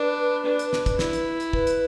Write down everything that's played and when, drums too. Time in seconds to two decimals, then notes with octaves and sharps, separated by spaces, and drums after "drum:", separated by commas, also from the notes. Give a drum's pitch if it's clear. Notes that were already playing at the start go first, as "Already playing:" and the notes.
Already playing: D4 B4
0.45 D4
0.59 drum: hi-hat
0.73 drum: snare
0.86 drum: kick, hi-hat
0.99 E4, drum: snare
1.13 drum: hi-hat
1.40 drum: hi-hat
1.53 B4, drum: kick
1.67 drum: hi-hat